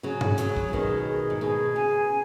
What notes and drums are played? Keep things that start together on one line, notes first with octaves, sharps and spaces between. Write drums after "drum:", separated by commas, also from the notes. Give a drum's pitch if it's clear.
C#3 F#3 G#4
drum: tom G2
C#3 F#3 G#4, drum: hi-hat
drum: kick
B2 D#3 G#4
G#4
G#2
B2 G#4
C#3 G#5